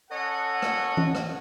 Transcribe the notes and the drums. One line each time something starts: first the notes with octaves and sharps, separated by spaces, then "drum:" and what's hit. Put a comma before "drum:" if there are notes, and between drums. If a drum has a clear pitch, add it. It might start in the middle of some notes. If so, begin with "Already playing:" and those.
C#4 A4 C#5 D#5 F#5
drum: rim click
drum: tom E3
drum: rim click